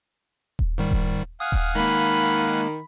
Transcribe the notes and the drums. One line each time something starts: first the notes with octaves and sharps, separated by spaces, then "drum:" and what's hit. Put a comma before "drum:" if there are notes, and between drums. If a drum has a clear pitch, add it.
drum: kick D#1
G#2 D#3 G3
drum: kick D#1
F5 F#5 G#5 D#6 F6
drum: kick D#1
D#3 G#3 A#3 B5